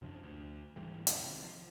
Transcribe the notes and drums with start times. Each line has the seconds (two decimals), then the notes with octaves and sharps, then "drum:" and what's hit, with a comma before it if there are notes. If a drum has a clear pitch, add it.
0.02 F#2 C3 F3 D4
0.23 D2
0.76 G#2 E3 G3
1.07 E1 D3, drum: hi-hat
1.22 C2 C3 D#3
1.44 F3